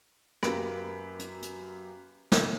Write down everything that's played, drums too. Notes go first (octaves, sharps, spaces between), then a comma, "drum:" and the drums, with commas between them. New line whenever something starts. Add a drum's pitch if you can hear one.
F#2 A#3 G4 B4 D7, drum: rim click
drum: hi-hat
drum: hi-hat
drum: snare